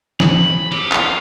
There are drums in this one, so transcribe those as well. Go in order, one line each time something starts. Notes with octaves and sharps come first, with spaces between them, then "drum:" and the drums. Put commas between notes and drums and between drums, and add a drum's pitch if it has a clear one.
B5, drum: snare
G4, drum: cymbal
F4, drum: clap